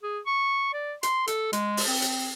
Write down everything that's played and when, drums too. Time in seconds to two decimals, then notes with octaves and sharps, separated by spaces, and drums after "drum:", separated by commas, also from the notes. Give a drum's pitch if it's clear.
0.03 G#4
0.27 C#6
0.74 D5
1.03 C6, drum: hi-hat
1.27 A4, drum: hi-hat
1.53 G#3, drum: hi-hat
1.77 drum: open hi-hat
1.88 C4
2.02 drum: hi-hat